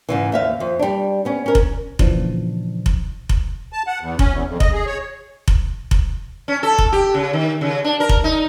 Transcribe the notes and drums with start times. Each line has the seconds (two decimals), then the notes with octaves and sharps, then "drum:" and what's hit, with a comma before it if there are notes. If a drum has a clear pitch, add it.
0.09 G#2 C#3 E3
0.32 D#2 E5 F5
0.60 F2
0.79 G3 D4
1.25 B3 C#4
1.46 C#4 A#4
1.55 drum: kick F1
1.99 A#2 C#3 E3 F3 D4, drum: kick F1
2.86 drum: kick F1
3.29 drum: kick F1
3.73 A5
3.87 F#5
4.01 E2
4.19 C#4, drum: kick F1
4.33 E2
4.48 F2
4.60 D#5, drum: kick F1
4.73 G#4
4.86 C#5
5.48 drum: kick F1
5.91 drum: kick F1
6.48 C#4
6.63 A4
6.78 drum: kick F1
6.92 G4
7.14 C#3
7.33 D#3
7.61 C#3
7.85 D4
8.00 A#4
8.09 drum: kick F1
8.24 D#4